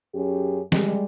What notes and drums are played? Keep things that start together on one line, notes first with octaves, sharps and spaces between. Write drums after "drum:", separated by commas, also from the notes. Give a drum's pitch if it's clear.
F#2 C#4 G4 G#4
G3 G#3, drum: snare